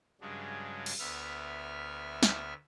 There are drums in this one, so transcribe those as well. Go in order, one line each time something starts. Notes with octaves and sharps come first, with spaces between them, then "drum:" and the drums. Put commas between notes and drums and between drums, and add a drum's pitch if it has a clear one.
G2 C#3 F#3 G#3 D4
drum: cymbal
D2 B3 E5 F6
drum: snare